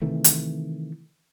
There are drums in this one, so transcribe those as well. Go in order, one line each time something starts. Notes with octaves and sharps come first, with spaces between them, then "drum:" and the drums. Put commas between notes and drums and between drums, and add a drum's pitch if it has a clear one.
C3 D#3 E3 A3
drum: hi-hat